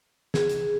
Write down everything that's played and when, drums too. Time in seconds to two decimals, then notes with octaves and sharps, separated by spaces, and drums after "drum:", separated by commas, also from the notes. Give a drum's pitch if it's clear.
0.34 G#4, drum: snare
0.49 drum: hi-hat